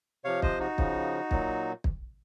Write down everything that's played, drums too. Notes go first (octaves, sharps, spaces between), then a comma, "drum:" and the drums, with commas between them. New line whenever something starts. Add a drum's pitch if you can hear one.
C3 F3 C#5 F5
C5 D#5, drum: kick
D#4 F#4
C#3 F3, drum: kick
A#2 F#3, drum: kick
drum: kick